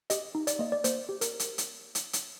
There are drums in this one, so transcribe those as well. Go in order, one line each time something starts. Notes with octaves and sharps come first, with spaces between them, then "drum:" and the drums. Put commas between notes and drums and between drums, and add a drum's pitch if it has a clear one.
G4 D#5, drum: hi-hat
D#4
D5, drum: hi-hat
A#3 D#5
D5
A#3 C5, drum: hi-hat
G4
A#4, drum: hi-hat
drum: hi-hat
drum: hi-hat
drum: hi-hat
drum: hi-hat